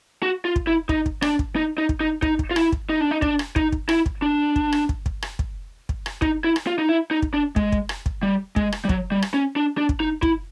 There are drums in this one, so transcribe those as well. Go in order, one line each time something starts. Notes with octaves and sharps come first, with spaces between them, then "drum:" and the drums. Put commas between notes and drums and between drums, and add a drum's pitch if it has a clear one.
F#4
F4
drum: kick
E4
D#4, drum: kick
drum: kick
D4, drum: rim click
drum: kick
D#4
D#4
drum: kick
D#4
D#4, drum: kick
drum: kick
F4
E4, drum: rim click
drum: kick
D#4
D4
D#4
D4, drum: kick
drum: rim click
D#4, drum: kick
drum: kick
E4, drum: rim click
drum: kick
D4
drum: kick
drum: rim click
drum: kick
drum: kick
drum: rim click
drum: kick
drum: kick
drum: rim click
D#4, drum: kick
E4
drum: rim click
F4
D#4
E4
D#4
drum: kick
D4
G#3, drum: kick
drum: kick
drum: rim click
drum: kick
G3
G#3, drum: kick
drum: rim click
G3
F#3, drum: kick
G3
drum: rim click
C#4
D4
D4
drum: kick
D#4
E4, drum: kick